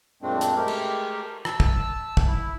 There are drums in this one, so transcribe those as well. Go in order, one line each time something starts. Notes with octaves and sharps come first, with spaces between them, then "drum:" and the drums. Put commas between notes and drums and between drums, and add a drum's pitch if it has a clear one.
F#2 A#2 G#3 A3 C4 D4
drum: hi-hat
G#3 A3 G4 A#4
drum: cymbal
A5 E6, drum: rim click
drum: kick
drum: kick
E4